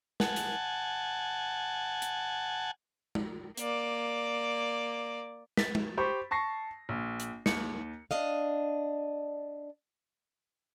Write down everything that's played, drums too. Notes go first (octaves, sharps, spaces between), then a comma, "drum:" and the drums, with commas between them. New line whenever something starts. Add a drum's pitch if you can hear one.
F#5 G#5 A5, drum: snare
drum: hi-hat
drum: hi-hat
drum: tom G#3
A#3 D5, drum: hi-hat
A6 B6, drum: snare
drum: tom G#3
G4 C5 B5 C#6
A5 C#6 A#6 C7
A#1
drum: hi-hat
D#2 C#7, drum: snare
D4 D#5 F5